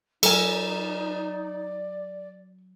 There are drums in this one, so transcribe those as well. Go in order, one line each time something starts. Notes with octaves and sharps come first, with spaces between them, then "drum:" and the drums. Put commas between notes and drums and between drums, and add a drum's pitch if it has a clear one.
F#3 D#4 A4 A#4 D5 G#5, drum: cymbal